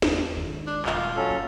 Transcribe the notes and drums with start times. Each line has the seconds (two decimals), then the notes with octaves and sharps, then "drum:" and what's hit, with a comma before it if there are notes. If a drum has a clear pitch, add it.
0.02 E2 F4, drum: snare
0.37 D#3 G#3
0.67 D4
0.86 D#1 G#3 F4, drum: clap
1.16 F#3 C#4 A4
1.30 G2 A#3